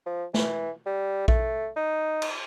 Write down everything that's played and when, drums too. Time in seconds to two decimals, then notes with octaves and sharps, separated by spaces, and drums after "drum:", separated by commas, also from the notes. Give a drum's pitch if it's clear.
0.06 F3
0.34 E3, drum: snare
0.86 G3
1.28 A3, drum: kick A#1
1.77 D#4
2.22 drum: cymbal